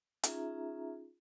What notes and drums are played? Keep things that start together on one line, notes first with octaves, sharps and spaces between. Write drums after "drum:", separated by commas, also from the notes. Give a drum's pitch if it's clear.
C#4 D#4 F4 G#4 E5 A#5, drum: hi-hat